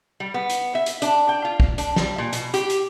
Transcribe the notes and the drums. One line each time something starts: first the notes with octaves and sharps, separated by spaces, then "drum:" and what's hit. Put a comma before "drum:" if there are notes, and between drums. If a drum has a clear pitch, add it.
G3
B3
drum: hi-hat
E5
drum: hi-hat
D4, drum: hi-hat
G5
F4
drum: kick
D4, drum: hi-hat
G3, drum: snare
A#2
B2, drum: hi-hat
G4, drum: hi-hat
drum: hi-hat